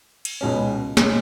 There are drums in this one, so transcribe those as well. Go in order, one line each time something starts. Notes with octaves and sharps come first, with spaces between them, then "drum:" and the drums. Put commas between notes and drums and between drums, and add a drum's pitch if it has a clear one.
drum: cymbal
C#2 B2 G#3 C#4
B2 G#3 C#4, drum: snare